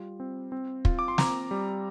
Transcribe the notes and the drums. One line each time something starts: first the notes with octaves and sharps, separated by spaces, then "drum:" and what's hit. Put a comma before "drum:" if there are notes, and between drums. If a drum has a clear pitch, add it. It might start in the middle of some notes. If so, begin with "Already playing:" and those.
Already playing: G3 F4
C4
C4
F4, drum: kick
D6
C6
C4 A#5, drum: snare
G3